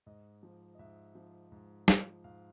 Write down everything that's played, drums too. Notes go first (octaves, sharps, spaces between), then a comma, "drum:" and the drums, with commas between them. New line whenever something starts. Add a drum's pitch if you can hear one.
G#2 D#5
F3
D#5
G#2 E5
F3
G#2
F3, drum: snare
G#2 F5